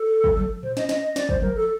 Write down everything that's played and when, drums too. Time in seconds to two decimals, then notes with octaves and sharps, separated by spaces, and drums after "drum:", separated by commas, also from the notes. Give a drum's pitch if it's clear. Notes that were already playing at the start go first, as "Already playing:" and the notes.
Already playing: A4
0.24 drum: kick
0.37 drum: tom F3
0.63 C5, drum: tom A#2
0.77 D#5, drum: snare
0.89 D#5, drum: snare
1.03 D#5
1.16 D5, drum: snare
1.29 C5, drum: kick
1.42 A#4, drum: tom F3
1.55 A4